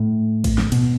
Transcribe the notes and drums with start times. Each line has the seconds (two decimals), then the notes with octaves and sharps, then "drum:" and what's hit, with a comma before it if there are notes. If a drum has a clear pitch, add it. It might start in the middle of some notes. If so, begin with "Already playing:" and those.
Already playing: A2
0.44 drum: kick A1, cymbal
0.58 drum: snare
0.72 B2, drum: cymbal